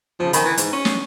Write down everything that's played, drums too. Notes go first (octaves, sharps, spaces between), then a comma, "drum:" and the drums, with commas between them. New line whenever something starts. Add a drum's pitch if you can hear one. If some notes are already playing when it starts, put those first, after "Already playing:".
F2 C#3 F3
D#3 G#5 A#5 B5, drum: hi-hat
E3
G#2, drum: hi-hat
C#4
drum: snare